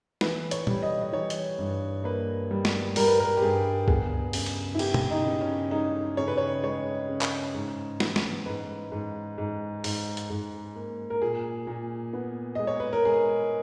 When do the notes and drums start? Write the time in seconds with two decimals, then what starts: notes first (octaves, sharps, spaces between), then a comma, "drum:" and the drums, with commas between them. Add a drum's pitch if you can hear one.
0.21 E3 B4, drum: snare
0.51 C#5, drum: hi-hat
0.67 G3, drum: tom A#2
0.83 D#5
1.02 D#5
1.13 E3 C#5
1.30 drum: hi-hat
1.58 G2
2.04 A#3 B4
2.51 G3
2.65 drum: snare
2.96 G3 A#4, drum: open hi-hat
3.07 B4
3.20 A#4
3.37 G4
3.42 G2 G#4
3.88 B3 G#4, drum: kick C#2
4.33 C#3, drum: open hi-hat
4.46 drum: cymbal
4.75 E4
4.79 B3 G4, drum: cymbal
4.94 drum: tom
5.11 D#4
5.26 C#3
5.41 C#4
5.71 G#3 D#4
6.17 C#3 C#5
6.28 B4
6.38 C#5
6.63 G#3 C#5
7.09 C#3
7.21 drum: clap
7.54 G#2
8.00 E3, drum: snare
8.16 drum: snare
8.46 G#2 B4
8.92 G#2
9.38 G#2
9.84 G#2, drum: open hi-hat
10.17 drum: hi-hat
10.30 G#2
10.76 A#3
11.10 A#4
11.22 A#2 G#4
11.67 A#2
12.13 B3
12.55 G#3 D#5
12.67 C#5
12.80 B4
12.93 A#4
13.05 G#3 G#4